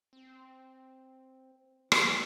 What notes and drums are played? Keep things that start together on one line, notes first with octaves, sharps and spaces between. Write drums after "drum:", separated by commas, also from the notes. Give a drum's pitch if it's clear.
C4
E3, drum: rim click